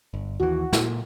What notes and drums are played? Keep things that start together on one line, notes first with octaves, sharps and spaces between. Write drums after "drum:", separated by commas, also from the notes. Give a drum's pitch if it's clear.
G1
D#2 E3 F#4
A#2, drum: snare